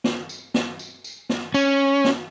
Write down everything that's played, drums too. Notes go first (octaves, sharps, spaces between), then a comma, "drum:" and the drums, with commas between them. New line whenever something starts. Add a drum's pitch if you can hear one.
drum: snare
drum: tambourine
drum: snare
drum: tambourine
drum: tambourine
drum: snare
C#4, drum: tambourine
drum: snare